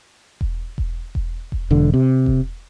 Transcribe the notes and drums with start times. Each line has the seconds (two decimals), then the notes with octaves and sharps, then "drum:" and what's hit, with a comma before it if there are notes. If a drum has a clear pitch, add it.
0.41 drum: kick E1
0.78 drum: kick E1
1.15 drum: kick E1
1.52 drum: kick E1
1.71 E1 D3
1.94 C3
2.26 drum: kick E1